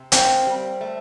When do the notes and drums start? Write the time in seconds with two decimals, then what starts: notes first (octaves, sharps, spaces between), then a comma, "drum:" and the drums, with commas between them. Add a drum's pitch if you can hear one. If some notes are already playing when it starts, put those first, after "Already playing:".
Already playing: C3
0.12 A#3 C4, drum: hi-hat
0.47 G3
0.81 A3